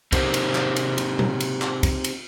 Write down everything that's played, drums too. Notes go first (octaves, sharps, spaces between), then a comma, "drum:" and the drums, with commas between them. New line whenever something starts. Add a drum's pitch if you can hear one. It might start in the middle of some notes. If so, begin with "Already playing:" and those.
C4 D#4 G4 G#4 A#4 C5, drum: kick, cymbal
drum: cymbal
drum: clap
drum: cymbal
drum: cymbal
drum: tom A#2
drum: cymbal
drum: clap
drum: kick, cymbal
drum: cymbal